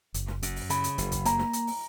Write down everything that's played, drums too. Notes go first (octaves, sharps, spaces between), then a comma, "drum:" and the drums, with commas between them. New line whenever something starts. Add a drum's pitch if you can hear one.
F#1, drum: hi-hat
drum: snare
F#2, drum: hi-hat
drum: open hi-hat
C#3 B5, drum: hi-hat
drum: hi-hat
F#1, drum: hi-hat
drum: kick, hi-hat
A#3 A#5, drum: hi-hat
drum: snare
drum: hi-hat
drum: open hi-hat